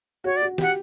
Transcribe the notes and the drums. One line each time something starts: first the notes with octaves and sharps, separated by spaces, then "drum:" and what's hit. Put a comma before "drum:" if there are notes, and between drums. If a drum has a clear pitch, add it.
F#4 C#5
D5
F#4
G4 F#5, drum: snare